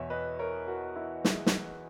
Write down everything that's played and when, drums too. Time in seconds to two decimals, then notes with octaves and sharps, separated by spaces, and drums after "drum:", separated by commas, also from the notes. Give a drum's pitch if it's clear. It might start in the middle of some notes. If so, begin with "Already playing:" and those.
Already playing: E2 B2 C#5 E5
0.10 B4 D#5
0.39 A#4 C#5
0.67 F#4 A#4
0.96 E4
1.25 E4 G#4, drum: snare
1.46 drum: snare